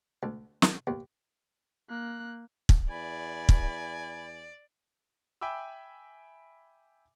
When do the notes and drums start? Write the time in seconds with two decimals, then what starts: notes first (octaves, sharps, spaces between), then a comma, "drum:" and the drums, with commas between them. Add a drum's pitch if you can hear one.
0.23 D2
0.62 drum: snare
0.87 D#2
1.89 A#3 F#6
2.69 drum: kick
2.90 E2 D5 G#5 B5
3.49 drum: kick
5.41 E5 G5 G#5 B5 D6 E6